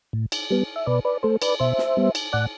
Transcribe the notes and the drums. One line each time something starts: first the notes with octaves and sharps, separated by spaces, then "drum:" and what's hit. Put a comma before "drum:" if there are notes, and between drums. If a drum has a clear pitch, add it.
A2
drum: cymbal
G3 B3
E5
B2 B4 D5
B4 D5
A3 A4 C5
B4 D5, drum: cymbal
B2 C5 E5
drum: snare
G3 B3
drum: cymbal
A2 D5 F#5